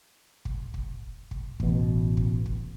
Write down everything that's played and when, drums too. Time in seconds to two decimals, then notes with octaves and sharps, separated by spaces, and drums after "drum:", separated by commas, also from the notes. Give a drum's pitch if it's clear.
0.45 drum: kick
0.74 drum: kick
1.31 drum: kick
1.60 A1 B2, drum: kick
2.17 drum: kick
2.46 drum: kick